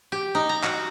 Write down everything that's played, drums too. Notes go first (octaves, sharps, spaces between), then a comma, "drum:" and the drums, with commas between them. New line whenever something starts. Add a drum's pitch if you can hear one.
G4
D#4
A#5
F#4, drum: clap